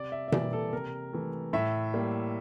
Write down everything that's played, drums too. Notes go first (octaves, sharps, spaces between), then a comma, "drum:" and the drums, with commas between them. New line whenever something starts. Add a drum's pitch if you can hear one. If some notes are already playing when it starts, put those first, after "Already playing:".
Already playing: C3 D5
E5
E5
E3 G3 A#3 D5, drum: tom B2
A4
C3 A#4
E3 A3
A2 E5
G3 A#3